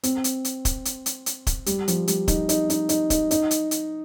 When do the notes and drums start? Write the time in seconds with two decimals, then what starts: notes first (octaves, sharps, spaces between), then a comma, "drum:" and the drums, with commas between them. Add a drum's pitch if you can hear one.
0.03 C4, drum: hi-hat
0.24 drum: hi-hat
0.45 drum: hi-hat
0.65 drum: kick, hi-hat
0.85 drum: hi-hat
1.06 drum: hi-hat
1.26 drum: hi-hat
1.47 drum: kick, hi-hat
1.66 G3, drum: hi-hat
1.88 F3, drum: hi-hat
2.08 G3, drum: hi-hat
2.28 D#4, drum: kick, hi-hat
2.49 D#4, drum: hi-hat
2.70 D#4, drum: hi-hat
2.89 D#4, drum: hi-hat
3.10 D#4, drum: kick, hi-hat
3.31 D#4, drum: hi-hat
3.51 drum: hi-hat
3.71 drum: hi-hat